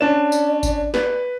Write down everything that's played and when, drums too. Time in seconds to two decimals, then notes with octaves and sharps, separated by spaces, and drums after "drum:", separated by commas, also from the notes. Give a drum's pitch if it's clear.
0.01 C#4 D4 D5 E7
0.32 drum: tambourine
0.63 drum: kick G#1, tambourine
0.94 B4, drum: snare